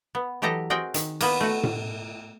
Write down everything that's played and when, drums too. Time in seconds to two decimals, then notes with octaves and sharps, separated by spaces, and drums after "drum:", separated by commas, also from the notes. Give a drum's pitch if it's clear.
0.15 B3
0.42 E3 F#3 G4 A4 D#5 A#5
0.70 C4 F#4 G#4 A#4 D#5 G5
0.94 D#3, drum: hi-hat
1.21 A#3 B3 B4, drum: cymbal
1.41 A3 F#4
1.63 drum: tom A2